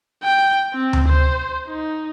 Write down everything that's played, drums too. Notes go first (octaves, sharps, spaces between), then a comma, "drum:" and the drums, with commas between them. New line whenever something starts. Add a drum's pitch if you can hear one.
G5
C4
drum: tom D2
C5
D#4